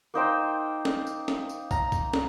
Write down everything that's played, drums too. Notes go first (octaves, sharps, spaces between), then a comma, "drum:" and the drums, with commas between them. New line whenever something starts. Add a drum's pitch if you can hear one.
A#3 D#4 C5 G5
drum: snare
drum: tambourine
drum: snare
drum: tambourine
A#5, drum: kick, tambourine
drum: kick, tambourine
drum: snare